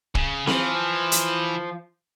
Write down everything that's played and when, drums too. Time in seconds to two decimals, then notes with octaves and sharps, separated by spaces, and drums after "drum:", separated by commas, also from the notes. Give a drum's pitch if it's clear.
0.15 C#3, drum: kick
0.47 E3 F3, drum: snare C4
1.12 drum: hi-hat